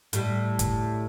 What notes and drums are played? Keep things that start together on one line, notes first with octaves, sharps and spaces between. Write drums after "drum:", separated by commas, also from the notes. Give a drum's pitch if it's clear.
A2 G3, drum: hi-hat
drum: kick, hi-hat